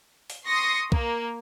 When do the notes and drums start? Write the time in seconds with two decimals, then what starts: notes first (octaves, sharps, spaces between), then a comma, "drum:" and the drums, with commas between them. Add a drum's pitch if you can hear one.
0.30 drum: open hi-hat
0.45 C6 C#6 D#6 A#6 C7 C#7
0.92 A#3, drum: kick